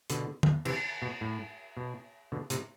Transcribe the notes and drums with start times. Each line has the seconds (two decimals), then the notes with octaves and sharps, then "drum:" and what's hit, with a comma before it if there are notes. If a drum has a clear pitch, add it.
0.10 B2 D3, drum: hi-hat
0.43 drum: tom D3
0.65 C3 E3, drum: cymbal
1.02 B2
1.21 A2
1.77 B2
2.32 B2 D3
2.50 A2 C3, drum: hi-hat